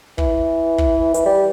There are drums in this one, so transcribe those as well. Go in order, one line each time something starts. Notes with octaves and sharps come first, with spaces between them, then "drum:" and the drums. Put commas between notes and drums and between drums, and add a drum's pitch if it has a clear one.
E3, drum: kick
drum: kick
E3, drum: hi-hat
G3